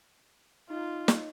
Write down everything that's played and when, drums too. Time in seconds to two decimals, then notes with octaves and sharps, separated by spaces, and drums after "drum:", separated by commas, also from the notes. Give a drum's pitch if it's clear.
0.70 D#4 F4
1.08 drum: snare